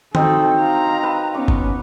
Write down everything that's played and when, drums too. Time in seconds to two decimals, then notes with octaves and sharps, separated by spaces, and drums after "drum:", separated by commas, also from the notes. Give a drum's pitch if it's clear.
0.15 C4 D#4 F#4 A4, drum: tom D#3
0.59 F5 A#5
1.03 B4
1.35 B3 C#4 D6
1.48 drum: kick G1